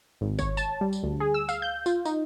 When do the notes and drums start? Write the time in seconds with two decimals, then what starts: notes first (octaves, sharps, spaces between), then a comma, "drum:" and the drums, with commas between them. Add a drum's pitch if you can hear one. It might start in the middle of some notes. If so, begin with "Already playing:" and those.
0.21 G#1
0.39 C#5, drum: kick G1, tambourine
0.57 A5, drum: tambourine
0.81 G3
0.93 drum: tambourine
1.03 D2
1.20 G#4
1.34 E6
1.49 F5, drum: tambourine
1.62 G6
1.86 F4, drum: tambourine
2.05 D#4, drum: tambourine